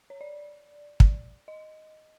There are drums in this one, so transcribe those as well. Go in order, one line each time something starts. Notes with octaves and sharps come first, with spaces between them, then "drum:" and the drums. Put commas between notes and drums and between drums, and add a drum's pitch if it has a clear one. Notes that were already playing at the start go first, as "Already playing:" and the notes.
C#5
D5
drum: kick
D#5